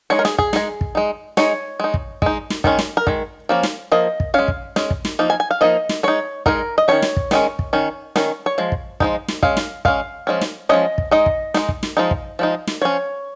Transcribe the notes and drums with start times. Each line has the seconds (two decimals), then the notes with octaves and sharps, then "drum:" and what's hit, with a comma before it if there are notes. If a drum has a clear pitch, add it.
0.10 G#3 D#4 C#5
0.19 A#4
0.25 G#4, drum: snare
0.38 G#4, drum: kick
0.53 G#3 D#4, drum: snare
0.81 drum: kick
0.95 G#3 D#4
1.37 G#3 D#4 C#5, drum: snare
1.80 G#3 D#4
1.94 drum: kick
2.22 G#3 D#4, drum: kick
2.50 drum: snare
2.64 D#3 G#3 C#4, drum: kick
2.79 drum: snare
2.97 A#4
3.07 D#3 G#3, drum: kick
3.49 F3 A#3 C#4
3.63 drum: snare
3.92 F3 A#3 D#5
4.20 drum: kick
4.34 G#3 C#4 F5
4.48 drum: kick
4.76 G#3 C#4, drum: snare
4.90 drum: kick
5.05 drum: snare
5.19 F3 A#3 D#4
5.30 G#5
5.40 G#5
5.51 F5
5.61 F3 A#3 D#4 D#5
5.89 drum: snare
6.03 G#3 D#4 C#5
6.46 G#3 D#4 A#4, drum: kick
6.78 D#5
6.88 D#3 G#3 C#4 C#5
7.02 drum: snare
7.17 drum: kick
7.31 D#3 G#3 C#4, drum: snare
7.59 drum: kick
7.73 D#3 C#4
8.16 D#3 C#4, drum: snare
8.46 C#5
8.58 F3 G#3
8.72 drum: kick
9.00 F3 G#3 D#4, drum: kick
9.28 drum: snare
9.43 G#3 C#4 F5, drum: kick
9.57 drum: snare
9.85 G#3 C#4 F5, drum: kick
10.27 F3 G#3 C#4
10.41 drum: snare
10.69 F3 G#3 C#4 D#5
10.98 drum: kick
11.11 G#3 D#4 D#5
11.26 drum: kick
11.54 G#3 D#4, drum: snare
11.69 drum: kick
11.83 drum: snare
11.97 F3 G#3 D#4
12.11 drum: kick
12.39 F3 G#3 D#4
12.67 drum: snare
12.82 F3 C#4 C#5